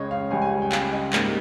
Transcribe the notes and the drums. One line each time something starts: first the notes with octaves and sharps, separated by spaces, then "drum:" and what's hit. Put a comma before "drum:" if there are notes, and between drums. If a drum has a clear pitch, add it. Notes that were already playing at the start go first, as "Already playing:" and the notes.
Already playing: C#2 C#3 G#3 C#5 D#5
F5
C#2 C#3 G3 G#5
G#5
G5
F5, drum: clap
D#5
G#2 G3 A#3 D#5, drum: clap